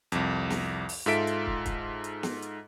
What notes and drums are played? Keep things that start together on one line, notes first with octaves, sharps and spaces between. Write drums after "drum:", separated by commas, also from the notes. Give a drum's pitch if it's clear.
C2 F2, drum: hi-hat
drum: snare
drum: open hi-hat
G#2 F4 A4 E5 B6 D7
drum: hi-hat
drum: kick
drum: kick, hi-hat
drum: hi-hat
drum: snare
drum: hi-hat